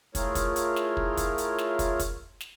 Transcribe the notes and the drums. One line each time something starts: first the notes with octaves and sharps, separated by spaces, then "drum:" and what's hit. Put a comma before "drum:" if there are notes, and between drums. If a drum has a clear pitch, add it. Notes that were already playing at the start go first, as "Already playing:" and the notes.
A3 E4 F4 G#4 A#4 C#5, drum: kick, hi-hat
drum: kick, hi-hat
drum: hi-hat
drum: snare
drum: kick
drum: kick, hi-hat
drum: hi-hat
drum: snare
drum: kick, hi-hat
drum: kick, hi-hat
drum: snare